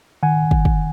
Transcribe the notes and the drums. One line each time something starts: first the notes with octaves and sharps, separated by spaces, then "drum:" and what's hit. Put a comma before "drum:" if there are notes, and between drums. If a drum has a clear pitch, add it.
D#3 F#5 G#5
drum: kick
drum: kick